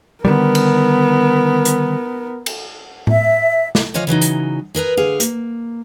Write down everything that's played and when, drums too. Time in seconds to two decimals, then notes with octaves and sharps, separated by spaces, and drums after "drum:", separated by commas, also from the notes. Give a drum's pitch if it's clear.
0.25 D3 D#3 G3 B3 A#4
0.55 drum: cymbal
1.65 drum: hi-hat
2.46 drum: cymbal
3.07 E5, drum: tom A2
3.75 drum: snare
3.94 D3 F3 C#5 D#5 F5 G#5
4.07 C#3 E3 F#3 D#4
4.22 drum: hi-hat
4.75 G#4 A#4 B4 A#5
4.97 D3 G#4 F5
5.20 A#3, drum: hi-hat